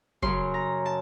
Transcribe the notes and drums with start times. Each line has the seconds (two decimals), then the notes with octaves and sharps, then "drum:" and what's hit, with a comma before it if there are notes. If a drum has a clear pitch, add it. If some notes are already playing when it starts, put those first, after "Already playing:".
0.22 F#2 C#3 F#3 C6, drum: kick
0.54 A#5
0.86 A5